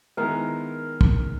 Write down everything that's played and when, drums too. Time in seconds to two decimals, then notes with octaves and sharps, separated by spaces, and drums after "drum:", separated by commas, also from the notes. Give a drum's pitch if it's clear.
0.17 D#3 G#3 B3 E4 A#4
1.01 drum: kick